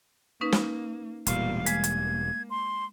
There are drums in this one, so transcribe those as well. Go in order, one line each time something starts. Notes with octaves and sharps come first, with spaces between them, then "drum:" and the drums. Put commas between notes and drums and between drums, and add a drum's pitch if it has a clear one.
A#3 C#4 D#4 B4
drum: snare
E1 A#2 G3 F5, drum: hi-hat
G#3 A#3 G#6, drum: hi-hat
drum: hi-hat
C6